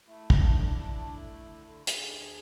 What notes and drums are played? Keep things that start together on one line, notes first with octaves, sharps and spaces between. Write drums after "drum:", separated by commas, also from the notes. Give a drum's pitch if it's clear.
A3 E4
D4, drum: kick
D3
D4
A3
A3
D3
D3
D3 E4 G#4, drum: hi-hat
D2